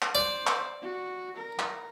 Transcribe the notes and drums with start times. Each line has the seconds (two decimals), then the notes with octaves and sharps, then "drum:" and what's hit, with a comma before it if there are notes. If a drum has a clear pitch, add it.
0.02 drum: clap
0.15 C5 D5
0.47 drum: clap
0.82 F#4
1.37 A#4
1.59 drum: clap